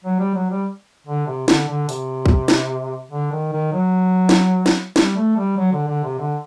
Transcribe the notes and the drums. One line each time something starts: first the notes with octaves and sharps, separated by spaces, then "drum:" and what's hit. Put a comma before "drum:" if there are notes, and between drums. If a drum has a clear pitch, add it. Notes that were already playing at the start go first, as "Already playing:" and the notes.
F#3
G3
F#3
G3
D3
C3
D3, drum: snare
D3
C3, drum: open hi-hat
drum: kick B1
drum: snare
D3
D#3
D#3
F#3
drum: snare
drum: snare
G3, drum: snare
A3
G3
F#3
D3
D3
C3
D3